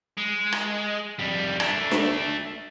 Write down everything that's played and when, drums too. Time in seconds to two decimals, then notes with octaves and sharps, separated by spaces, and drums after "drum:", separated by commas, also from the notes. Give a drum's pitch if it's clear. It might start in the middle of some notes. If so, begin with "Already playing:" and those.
0.17 G#3
0.52 drum: rim click
1.19 F2 G3
1.60 A3 D4, drum: rim click
1.91 drum: snare D4